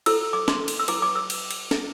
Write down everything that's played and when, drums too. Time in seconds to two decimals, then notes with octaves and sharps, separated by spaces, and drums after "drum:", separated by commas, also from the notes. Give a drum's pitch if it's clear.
0.06 E4 A4 C5 E6, drum: cymbal
0.33 D6
0.48 C6, drum: snare
0.68 drum: cymbal
0.79 E6
0.88 E4 B4 D6, drum: cymbal
1.02 D6
1.16 E6
1.30 drum: cymbal
1.51 drum: cymbal
1.71 drum: snare